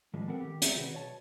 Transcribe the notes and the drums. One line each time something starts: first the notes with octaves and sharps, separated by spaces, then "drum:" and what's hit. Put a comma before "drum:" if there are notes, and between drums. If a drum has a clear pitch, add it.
A2 D#3 F3 G3 G#3
B3 C4 A4 A#4 F#5
D#3 G4
F#4 G#4 D5 E5, drum: hi-hat
C3 D#3 F#4 B4
B1 C#5 A5